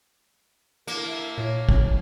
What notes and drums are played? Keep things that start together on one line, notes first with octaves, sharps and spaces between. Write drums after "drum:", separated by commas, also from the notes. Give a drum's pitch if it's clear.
A#3 A#4, drum: cymbal
E5
A#2 C#5
drum: kick